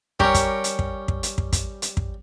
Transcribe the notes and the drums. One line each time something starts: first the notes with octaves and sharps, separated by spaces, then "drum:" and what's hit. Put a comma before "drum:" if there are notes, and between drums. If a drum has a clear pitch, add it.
G3 C#4 G4 A#4 C#5, drum: kick
drum: kick, hi-hat
drum: hi-hat
drum: kick
drum: kick
drum: hi-hat
drum: kick
drum: kick, hi-hat
drum: hi-hat
drum: kick